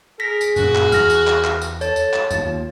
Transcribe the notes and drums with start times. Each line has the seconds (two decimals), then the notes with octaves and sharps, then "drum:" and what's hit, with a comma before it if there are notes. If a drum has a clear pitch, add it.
0.20 G#4 A#4 A#6 B6
0.41 drum: tambourine
0.56 F#2 A#2 F#4, drum: tambourine
0.75 drum: clap
0.92 E2 F6 A#6, drum: tambourine
1.10 drum: tambourine
1.27 drum: clap
1.44 drum: clap
1.62 drum: tambourine
1.81 A4 C#5 A5, drum: tambourine
1.96 drum: tambourine
2.13 drum: clap
2.31 D#2 F4, drum: tambourine